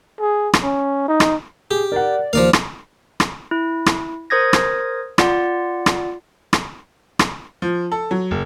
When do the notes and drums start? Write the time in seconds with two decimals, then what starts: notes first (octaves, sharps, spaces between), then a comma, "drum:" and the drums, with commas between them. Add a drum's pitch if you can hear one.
0.20 G#4
0.53 drum: rim click
0.63 C#4
1.08 D#4
1.20 drum: rim click
1.71 G4 G#4
1.92 A#4 D5 F#5
2.33 D#2 F3 A#4 D5 F5
2.53 drum: rim click
3.20 drum: rim click
3.51 E4
3.86 drum: rim click
4.30 A#4 C5 D#6 G#6 A#6
4.53 drum: rim click
5.18 F4 D5 F#5, drum: rim click
5.86 drum: rim click
6.53 drum: rim click
7.19 drum: rim click
7.62 F3
7.92 A4
8.11 F#3
8.31 F#1